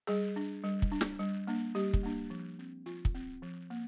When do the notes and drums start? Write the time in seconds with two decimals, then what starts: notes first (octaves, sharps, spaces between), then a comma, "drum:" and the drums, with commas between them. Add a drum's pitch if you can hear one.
0.07 G3 G#4
0.36 D4
0.64 G3
0.82 drum: kick
0.92 D4
1.01 drum: snare
1.19 G3
1.47 A#3 D4
1.75 G3 G4
1.94 drum: kick
2.03 A#3 D4
2.30 F3
2.59 C4
2.86 F3 F4
3.05 drum: kick
3.15 C4
3.42 F3
3.70 A#3